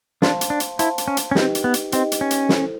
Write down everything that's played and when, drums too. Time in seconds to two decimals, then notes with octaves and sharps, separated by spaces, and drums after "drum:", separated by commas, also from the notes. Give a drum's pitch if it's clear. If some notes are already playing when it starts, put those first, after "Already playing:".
0.22 D4 C5 F5 A5 C6, drum: snare
0.41 drum: hi-hat
0.50 D4
0.60 drum: hi-hat
0.79 E4 C5 F5 A5 C6, drum: hi-hat
0.98 drum: hi-hat
1.08 C#4
1.17 drum: hi-hat
1.31 C#4
1.35 C4 D#4 G4 B4 D#5 G5, drum: snare
1.55 drum: hi-hat
1.64 B3
1.74 drum: hi-hat
1.92 C4 D#4 G4 B4 D#5 G5, drum: hi-hat
2.12 drum: hi-hat
2.21 C#4
2.31 drum: hi-hat
2.49 E4 A4 C5, drum: snare